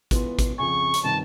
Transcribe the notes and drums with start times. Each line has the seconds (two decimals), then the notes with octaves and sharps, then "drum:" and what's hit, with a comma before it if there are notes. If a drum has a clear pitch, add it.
0.11 E3 B3 F4, drum: kick, hi-hat
0.39 drum: kick, hi-hat
0.58 F2 C#3 G#5 C#6
0.94 drum: hi-hat
1.04 G1 C3 D#3 A5